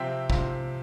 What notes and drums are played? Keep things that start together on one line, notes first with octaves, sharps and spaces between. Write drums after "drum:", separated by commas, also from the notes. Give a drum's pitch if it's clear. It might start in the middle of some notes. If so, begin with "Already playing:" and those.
Already playing: C3 F3 C4 F4 E5 G5
C3 F3 C4 F4, drum: kick